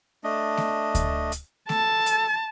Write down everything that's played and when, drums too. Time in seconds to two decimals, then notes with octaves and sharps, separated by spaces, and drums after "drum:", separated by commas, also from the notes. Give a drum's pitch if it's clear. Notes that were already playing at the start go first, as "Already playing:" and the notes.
0.24 A3 D4 D#5
0.57 drum: snare A3
0.95 drum: kick D2, hi-hat
1.32 drum: hi-hat
1.69 A4 A5, drum: snare A3
2.06 drum: hi-hat